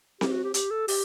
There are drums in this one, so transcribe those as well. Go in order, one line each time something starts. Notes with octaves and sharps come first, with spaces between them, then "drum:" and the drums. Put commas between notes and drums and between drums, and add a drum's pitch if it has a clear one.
G4, drum: snare C4
F#4
G4
G4, drum: hi-hat
A4
G4, drum: open hi-hat